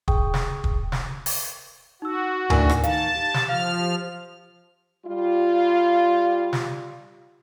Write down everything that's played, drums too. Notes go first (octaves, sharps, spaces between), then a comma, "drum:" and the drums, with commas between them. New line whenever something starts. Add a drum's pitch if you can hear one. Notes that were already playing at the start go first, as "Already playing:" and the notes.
G#4 G5 C#6 D#6, drum: kick
drum: snare
drum: kick
drum: snare
drum: open hi-hat
D#4 F#4 E6
A2 D4 D#4 A#4 G#5, drum: tom D2
drum: rim click
D#3 F5 A5, drum: hi-hat
G4
drum: snare
F3 F5 F6
G3 F4
drum: snare